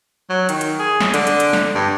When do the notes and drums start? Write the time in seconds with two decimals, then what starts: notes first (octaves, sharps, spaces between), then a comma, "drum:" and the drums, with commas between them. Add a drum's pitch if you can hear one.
0.30 F#3
0.49 D#3, drum: hi-hat
0.61 drum: hi-hat
0.79 G#4
1.01 drum: snare
1.14 D3, drum: hi-hat
1.27 drum: hi-hat
1.40 drum: hi-hat
1.53 drum: snare
1.75 G2